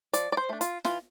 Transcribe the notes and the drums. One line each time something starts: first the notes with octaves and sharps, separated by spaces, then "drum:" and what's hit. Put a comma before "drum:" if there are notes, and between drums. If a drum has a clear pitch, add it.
F3 D5, drum: hi-hat
D5
C5
A3 D4
F4, drum: hi-hat
E3 F4, drum: snare